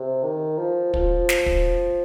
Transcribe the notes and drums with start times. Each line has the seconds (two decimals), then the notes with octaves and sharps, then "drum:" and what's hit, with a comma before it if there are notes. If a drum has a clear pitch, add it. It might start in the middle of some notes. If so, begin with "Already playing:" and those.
Already playing: C3
0.23 D#3
0.58 F3
0.94 F3, drum: kick
1.29 drum: snare
1.46 drum: kick